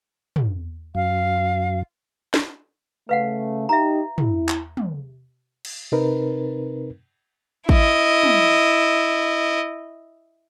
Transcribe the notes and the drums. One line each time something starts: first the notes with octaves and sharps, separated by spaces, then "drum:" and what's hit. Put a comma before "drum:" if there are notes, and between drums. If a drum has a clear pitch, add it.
drum: tom
F#2 F5
drum: snare
C#3 A3 B4 F5 F#5
D#4 G4 E5 A#5
E4, drum: tom
drum: clap
drum: tom
drum: cymbal
C3 C4 D#4 A#4 B4
E4 D#5, drum: kick
drum: tom